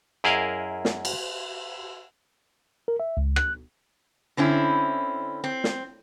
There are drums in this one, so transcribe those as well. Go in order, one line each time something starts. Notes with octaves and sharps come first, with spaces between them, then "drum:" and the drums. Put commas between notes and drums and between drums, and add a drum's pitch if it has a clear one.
F#2 E4 G#4 A#4 D#5 F5
drum: snare
drum: cymbal
A#4
E5
C#2
F#6, drum: rim click
D3 C4 C#4 E4
C4
drum: snare